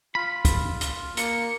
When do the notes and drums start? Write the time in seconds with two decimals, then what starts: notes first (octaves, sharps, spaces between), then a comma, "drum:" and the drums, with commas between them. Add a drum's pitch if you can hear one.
0.15 F4 B5
0.45 drum: kick, hi-hat
0.81 drum: hi-hat
1.17 A#3 C#7, drum: hi-hat